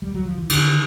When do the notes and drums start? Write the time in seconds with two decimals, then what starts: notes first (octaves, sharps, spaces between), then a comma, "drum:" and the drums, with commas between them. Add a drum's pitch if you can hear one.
0.02 G3
0.14 F#3
0.25 F3
0.38 E3
0.49 D3 D#3, drum: cymbal